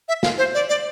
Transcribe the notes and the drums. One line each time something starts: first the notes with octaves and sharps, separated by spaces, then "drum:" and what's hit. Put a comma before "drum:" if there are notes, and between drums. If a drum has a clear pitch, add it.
E5
F5, drum: snare
C5
D5
D5